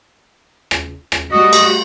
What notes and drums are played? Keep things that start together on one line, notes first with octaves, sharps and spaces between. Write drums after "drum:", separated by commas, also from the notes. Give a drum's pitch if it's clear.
drum: rim click
drum: rim click
G3 A3 F#4 D#5
drum: cymbal